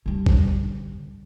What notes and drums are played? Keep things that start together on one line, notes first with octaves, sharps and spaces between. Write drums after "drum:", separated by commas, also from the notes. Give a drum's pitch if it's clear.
D3 G3
drum: kick